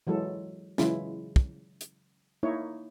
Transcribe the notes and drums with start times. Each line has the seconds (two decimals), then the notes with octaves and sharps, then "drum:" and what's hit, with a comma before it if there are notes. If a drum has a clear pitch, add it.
0.07 E3 F#3 G#3 A4
0.78 C#3 E3 F#3 G#3 E4 F4, drum: snare C#4
1.36 drum: kick
1.81 drum: hi-hat
2.43 A#3 D#4 E4 C#5